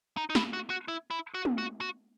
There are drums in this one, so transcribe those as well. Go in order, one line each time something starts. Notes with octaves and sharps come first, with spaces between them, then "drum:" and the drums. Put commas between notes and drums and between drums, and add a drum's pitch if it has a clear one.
D#4
D#4
E4, drum: snare
F#4
F#4
E4
E4
F#4
drum: tom
F#4
F#4